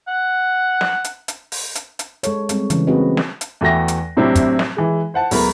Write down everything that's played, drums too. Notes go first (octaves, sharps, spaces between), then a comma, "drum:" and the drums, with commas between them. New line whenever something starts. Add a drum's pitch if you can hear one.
F#5
drum: snare
drum: hi-hat
drum: hi-hat
drum: open hi-hat
drum: hi-hat
drum: hi-hat
G#3 A4 C#5, drum: hi-hat
G3 G#3 C4, drum: hi-hat
C#3 E3, drum: hi-hat
A#3 C4 F#4 G#4 B4 D#5
drum: snare
drum: hi-hat
E2 E3 A3 F#4 G5 A#6
drum: hi-hat
A2 C3 F#3 C4 D4 E4
drum: kick, hi-hat
drum: snare
E3 G#3
C5 F#5 A5
D2 F#3 G#3 B3 A#4 B5, drum: open hi-hat